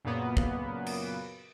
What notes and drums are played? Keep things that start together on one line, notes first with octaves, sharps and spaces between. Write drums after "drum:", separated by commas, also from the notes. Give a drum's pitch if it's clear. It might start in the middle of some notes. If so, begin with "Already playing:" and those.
F#2 A#2 C#3 A#3 B3
drum: kick
drum: cymbal